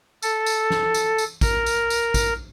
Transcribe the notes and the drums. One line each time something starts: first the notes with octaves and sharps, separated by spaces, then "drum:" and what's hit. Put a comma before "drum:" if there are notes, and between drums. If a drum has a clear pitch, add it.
A4, drum: tambourine
drum: tambourine
drum: snare
drum: tambourine
drum: tambourine
A#4, drum: kick, tambourine
drum: tambourine
drum: tambourine
drum: kick, tambourine